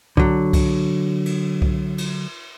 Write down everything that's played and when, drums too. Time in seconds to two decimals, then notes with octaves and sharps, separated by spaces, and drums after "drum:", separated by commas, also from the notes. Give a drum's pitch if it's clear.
0.17 D3 F#3, drum: kick C2
0.53 drum: kick C2, cymbal
1.26 drum: cymbal
1.62 drum: kick C2
1.98 drum: cymbal